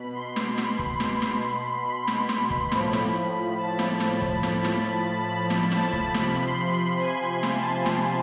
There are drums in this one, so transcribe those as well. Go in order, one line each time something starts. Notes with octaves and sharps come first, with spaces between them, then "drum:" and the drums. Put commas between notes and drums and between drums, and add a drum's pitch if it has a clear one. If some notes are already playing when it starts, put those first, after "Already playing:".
Already playing: B2 B5
C6
drum: snare
B5, drum: snare
drum: kick
C6, drum: snare
drum: snare
B5
drum: snare
drum: snare
drum: kick
A2 F3, drum: snare
drum: snare
A5
drum: snare
drum: snare
drum: kick
drum: snare
drum: snare
B5
drum: snare
A5, drum: snare
drum: kick
C3 F3 B5, drum: snare
C6
B5
G#5
G#5
drum: snare
A5
drum: snare